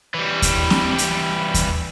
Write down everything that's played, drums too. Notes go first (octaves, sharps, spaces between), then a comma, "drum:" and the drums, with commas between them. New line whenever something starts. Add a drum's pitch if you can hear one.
E3 G3
drum: kick D#2, hi-hat
drum: snare C4
drum: hi-hat
drum: kick D#2, hi-hat